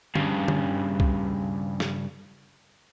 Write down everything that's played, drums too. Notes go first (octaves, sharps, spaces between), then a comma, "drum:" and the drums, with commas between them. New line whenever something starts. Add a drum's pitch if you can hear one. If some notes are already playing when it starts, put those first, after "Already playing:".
G2 C#3, drum: tom D3
drum: tom D3
drum: kick
drum: snare